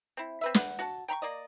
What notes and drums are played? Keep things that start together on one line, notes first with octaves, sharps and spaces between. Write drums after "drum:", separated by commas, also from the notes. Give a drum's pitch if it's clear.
C4 E4
C4 B4 E5
B4 F#5, drum: snare
F#4 F#5 A5
G5 A#5 B5 C#6
A#3 D5 D#5